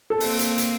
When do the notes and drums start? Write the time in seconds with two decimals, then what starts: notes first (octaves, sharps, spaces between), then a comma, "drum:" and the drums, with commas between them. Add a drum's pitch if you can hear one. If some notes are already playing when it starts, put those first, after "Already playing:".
0.10 A4
0.20 A#3 C4, drum: open hi-hat
0.39 drum: hi-hat
0.58 drum: hi-hat